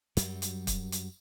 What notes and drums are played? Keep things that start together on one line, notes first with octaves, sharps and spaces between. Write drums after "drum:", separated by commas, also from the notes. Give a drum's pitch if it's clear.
F#2 F#3 G3, drum: hi-hat
drum: hi-hat
drum: kick, hi-hat
drum: hi-hat